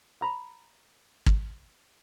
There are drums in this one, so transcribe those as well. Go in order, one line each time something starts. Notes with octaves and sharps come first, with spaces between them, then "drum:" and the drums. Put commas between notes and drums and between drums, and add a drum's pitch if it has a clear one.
A#5 B5
drum: kick